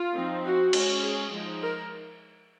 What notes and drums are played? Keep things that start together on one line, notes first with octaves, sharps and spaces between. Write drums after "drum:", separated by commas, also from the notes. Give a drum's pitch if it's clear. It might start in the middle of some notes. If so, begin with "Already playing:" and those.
Already playing: F4
F3 C4 D#4
F#4
G#3 C#4, drum: cymbal
G#4
F3 G#3 D#4
A#4